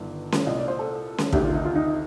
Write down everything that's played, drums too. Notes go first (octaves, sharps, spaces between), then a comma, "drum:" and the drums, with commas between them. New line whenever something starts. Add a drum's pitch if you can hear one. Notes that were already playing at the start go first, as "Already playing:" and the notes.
Already playing: G1 G2 D#3
drum: snare C#4
C2 A#2 D#5
D5
C5
A4
drum: snare C#4
D2 C3 D#3 G4, drum: kick
F4
D#4
F4
D#4